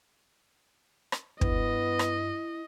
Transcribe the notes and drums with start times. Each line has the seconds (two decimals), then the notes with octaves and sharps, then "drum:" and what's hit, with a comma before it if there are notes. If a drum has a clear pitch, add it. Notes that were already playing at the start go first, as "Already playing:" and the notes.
1.12 drum: rim click
1.41 G2 B3 E4 D#5, drum: kick
1.99 drum: rim click